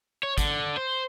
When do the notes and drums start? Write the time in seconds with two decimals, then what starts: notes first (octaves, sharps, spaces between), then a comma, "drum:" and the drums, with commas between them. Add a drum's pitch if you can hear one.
0.23 C#5
0.38 D3, drum: kick, hi-hat
0.77 C5